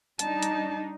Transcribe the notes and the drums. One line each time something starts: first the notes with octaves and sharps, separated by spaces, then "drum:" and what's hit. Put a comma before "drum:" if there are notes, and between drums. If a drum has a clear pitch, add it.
G3 D4 D#4 A5, drum: hi-hat
drum: hi-hat